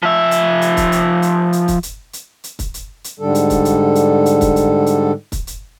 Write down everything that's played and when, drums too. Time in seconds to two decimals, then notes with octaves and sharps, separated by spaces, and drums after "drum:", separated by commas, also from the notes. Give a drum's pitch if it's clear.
0.03 F3 E5
0.31 drum: hi-hat
0.62 drum: hi-hat
0.77 drum: kick, hi-hat
0.92 drum: hi-hat
1.22 drum: hi-hat
1.53 drum: hi-hat
1.68 drum: kick, hi-hat
1.83 drum: hi-hat
2.13 drum: hi-hat
2.44 drum: hi-hat
2.59 drum: kick, hi-hat
2.74 drum: hi-hat
3.04 drum: hi-hat
3.20 G#2 D3 G3 A4
3.35 drum: hi-hat
3.50 drum: kick, hi-hat
3.65 drum: hi-hat
3.95 drum: hi-hat
4.26 drum: hi-hat
4.41 drum: kick, hi-hat
4.56 drum: hi-hat
4.86 drum: hi-hat
5.32 drum: kick, hi-hat
5.47 drum: hi-hat